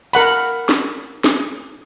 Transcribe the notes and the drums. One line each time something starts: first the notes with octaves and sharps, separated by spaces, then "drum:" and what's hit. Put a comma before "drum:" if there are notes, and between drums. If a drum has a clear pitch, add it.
A#4 F#5 B5, drum: cymbal
drum: snare
drum: snare